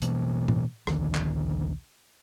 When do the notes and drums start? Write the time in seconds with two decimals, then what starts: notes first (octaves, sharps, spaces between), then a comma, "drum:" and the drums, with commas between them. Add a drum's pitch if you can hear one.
0.02 B2 E3 A#3, drum: hi-hat
0.48 drum: tom A2
0.87 A#1 D#2 D3 D#3, drum: rim click
1.15 drum: clap